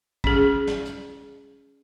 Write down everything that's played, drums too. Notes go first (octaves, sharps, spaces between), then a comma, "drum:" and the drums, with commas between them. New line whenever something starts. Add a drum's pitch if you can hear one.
C#4 G#4, drum: kick
drum: snare
drum: hi-hat